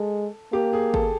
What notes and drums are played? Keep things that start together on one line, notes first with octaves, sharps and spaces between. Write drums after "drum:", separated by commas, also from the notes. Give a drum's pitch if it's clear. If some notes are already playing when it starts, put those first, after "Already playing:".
Already playing: G#3 A4
A#3 G4
G#4
A4, drum: kick G1